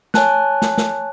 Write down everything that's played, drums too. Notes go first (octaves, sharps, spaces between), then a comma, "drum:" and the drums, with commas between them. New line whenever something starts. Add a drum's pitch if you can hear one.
C#5 G#5 A5 F#6, drum: snare
drum: snare
drum: snare